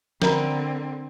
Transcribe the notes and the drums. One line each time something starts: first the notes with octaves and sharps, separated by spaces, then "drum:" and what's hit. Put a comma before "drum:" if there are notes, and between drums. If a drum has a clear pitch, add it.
D3 C4 A#4 A#5 B5, drum: snare